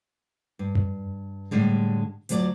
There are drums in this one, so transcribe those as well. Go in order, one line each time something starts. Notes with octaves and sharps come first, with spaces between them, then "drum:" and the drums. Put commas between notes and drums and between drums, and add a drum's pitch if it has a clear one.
G2
drum: tom F#2
A2 D3 G3 G#3
D2 F3 F#3 A4 D5, drum: hi-hat